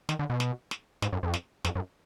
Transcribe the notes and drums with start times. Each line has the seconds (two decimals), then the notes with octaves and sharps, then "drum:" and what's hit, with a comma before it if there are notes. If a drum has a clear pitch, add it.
0.09 D#3, drum: snare
0.19 D3
0.30 B2
0.40 drum: snare
0.71 drum: snare
1.02 G#2, drum: snare
1.13 F#2
1.23 F2
1.34 drum: snare
1.65 F2, drum: snare
1.75 F#2